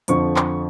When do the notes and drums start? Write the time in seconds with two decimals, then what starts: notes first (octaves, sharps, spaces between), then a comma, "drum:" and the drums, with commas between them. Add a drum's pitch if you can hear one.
0.08 F2 D3 F3 C#6, drum: hi-hat
0.36 drum: clap